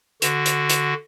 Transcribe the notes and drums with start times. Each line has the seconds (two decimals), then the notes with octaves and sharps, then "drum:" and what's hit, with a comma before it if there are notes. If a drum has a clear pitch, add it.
0.22 D3 F#4, drum: hi-hat
0.46 drum: hi-hat
0.69 drum: hi-hat